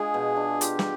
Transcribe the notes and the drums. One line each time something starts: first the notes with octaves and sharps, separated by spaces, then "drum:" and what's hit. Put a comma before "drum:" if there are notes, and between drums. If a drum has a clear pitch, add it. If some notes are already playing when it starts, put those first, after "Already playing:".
Already playing: G#3 D4 F4 G#4
B2
D4
F4 G4, drum: hi-hat
drum: snare